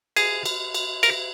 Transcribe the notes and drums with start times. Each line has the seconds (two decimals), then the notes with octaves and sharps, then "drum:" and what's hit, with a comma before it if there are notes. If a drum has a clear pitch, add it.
0.16 G#4, drum: cymbal
0.45 drum: cymbal
0.74 drum: cymbal
1.03 A#4, drum: cymbal